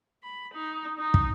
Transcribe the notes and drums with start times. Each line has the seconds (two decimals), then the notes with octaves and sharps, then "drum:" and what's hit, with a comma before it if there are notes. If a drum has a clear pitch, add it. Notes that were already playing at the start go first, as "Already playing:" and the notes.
0.23 B5
0.54 D#4
0.99 D#4
1.14 drum: kick